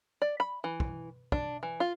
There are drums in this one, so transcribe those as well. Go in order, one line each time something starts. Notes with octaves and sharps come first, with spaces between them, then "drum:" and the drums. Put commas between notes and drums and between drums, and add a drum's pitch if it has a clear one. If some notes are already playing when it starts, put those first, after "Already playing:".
D5
B5
E3
drum: kick
D4, drum: kick
E3
F4